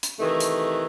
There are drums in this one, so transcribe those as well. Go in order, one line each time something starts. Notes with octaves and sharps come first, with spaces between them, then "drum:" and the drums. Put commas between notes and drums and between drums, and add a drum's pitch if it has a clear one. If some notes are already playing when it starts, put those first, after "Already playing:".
drum: hi-hat
C3 D#3 E3 A3
drum: hi-hat